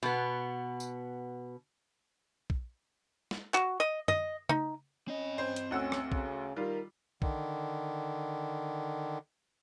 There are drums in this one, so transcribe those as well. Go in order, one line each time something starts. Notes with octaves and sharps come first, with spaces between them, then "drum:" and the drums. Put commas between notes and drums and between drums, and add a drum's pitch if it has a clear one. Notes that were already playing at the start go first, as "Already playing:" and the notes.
B2 B3
drum: tambourine
drum: kick
drum: snare
F#4, drum: clap
D#5
D#5, drum: tom F#2
D#4, drum: tom C#3
C4 C#4 D#5
C5
drum: hi-hat
D2 C#4 F#5 E6
drum: rim click
C#3, drum: kick
D#3 G3 F4 A#4
D3 D#3, drum: kick